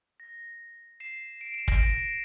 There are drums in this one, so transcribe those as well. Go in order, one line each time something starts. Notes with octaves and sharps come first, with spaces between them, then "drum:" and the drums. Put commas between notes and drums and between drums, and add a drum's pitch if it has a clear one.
A#6
C7 E7
D7
E7
A#6 D7, drum: kick
A#6 D7